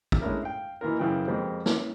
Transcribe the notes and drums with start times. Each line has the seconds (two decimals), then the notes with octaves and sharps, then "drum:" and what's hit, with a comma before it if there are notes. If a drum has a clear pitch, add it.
0.12 drum: kick
0.22 G#3 A3 C#4 D4 E4 A#4
0.43 F5 G5
0.81 B2 E3 A#3 F4 A#4
0.99 F#2 C#3 E3 F3 G5
1.28 F2 B2 G#3 C4 G4 A#4
1.66 C#4, drum: snare